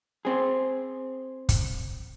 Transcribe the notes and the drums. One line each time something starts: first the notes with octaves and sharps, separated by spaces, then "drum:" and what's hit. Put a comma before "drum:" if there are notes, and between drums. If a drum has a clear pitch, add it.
C4 G#4
drum: kick, hi-hat